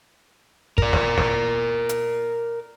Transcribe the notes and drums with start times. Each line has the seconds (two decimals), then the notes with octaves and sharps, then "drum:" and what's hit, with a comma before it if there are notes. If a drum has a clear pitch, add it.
0.78 A#4 D5, drum: kick
0.93 drum: snare
1.18 drum: snare
1.89 drum: hi-hat